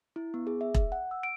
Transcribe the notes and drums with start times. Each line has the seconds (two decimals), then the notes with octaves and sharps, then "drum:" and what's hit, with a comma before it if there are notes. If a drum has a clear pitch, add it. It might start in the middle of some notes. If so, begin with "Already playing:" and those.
0.16 E4
0.34 B3
0.47 G#4
0.61 E5
0.74 drum: kick E1
0.92 F#5
1.11 E6
1.23 D7